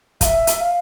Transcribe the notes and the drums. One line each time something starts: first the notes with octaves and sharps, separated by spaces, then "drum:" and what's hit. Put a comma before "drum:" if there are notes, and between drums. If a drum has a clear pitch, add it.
F5, drum: kick, hi-hat
E5
drum: hi-hat
F5